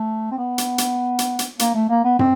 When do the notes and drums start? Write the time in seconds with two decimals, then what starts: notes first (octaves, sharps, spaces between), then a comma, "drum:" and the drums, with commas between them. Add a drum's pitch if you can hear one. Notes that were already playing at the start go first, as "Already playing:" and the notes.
Already playing: A3
0.32 C4
0.38 B3
0.58 drum: hi-hat
0.78 drum: hi-hat
1.19 drum: hi-hat
1.39 drum: hi-hat
1.59 A#3, drum: hi-hat
1.75 A3
1.89 A#3
2.04 B3
2.19 C4, drum: tom